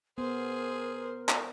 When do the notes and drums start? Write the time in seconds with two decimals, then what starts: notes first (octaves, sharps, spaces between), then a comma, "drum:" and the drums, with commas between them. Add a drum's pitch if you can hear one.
0.18 B3 G#4 A#4 C5
1.29 drum: clap